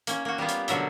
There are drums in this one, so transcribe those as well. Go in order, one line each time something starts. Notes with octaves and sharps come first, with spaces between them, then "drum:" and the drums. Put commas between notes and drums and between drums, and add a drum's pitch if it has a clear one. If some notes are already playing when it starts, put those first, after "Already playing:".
A#3 C#4, drum: hi-hat
A#3 F#4
G3 A#3 B3 F4
drum: hi-hat
B2 D3 F#3 A#4 E5, drum: hi-hat